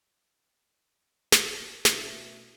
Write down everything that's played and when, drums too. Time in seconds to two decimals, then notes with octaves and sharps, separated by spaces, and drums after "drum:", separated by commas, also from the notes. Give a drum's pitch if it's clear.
1.32 B2, drum: snare
1.85 B2 A3 C#4 D4 E4, drum: snare